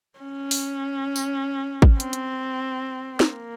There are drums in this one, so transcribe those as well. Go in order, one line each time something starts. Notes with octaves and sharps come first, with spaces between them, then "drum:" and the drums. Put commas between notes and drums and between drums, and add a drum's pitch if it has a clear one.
C#4
drum: open hi-hat
drum: tambourine
drum: kick
C4, drum: hi-hat
drum: hi-hat
A#3, drum: snare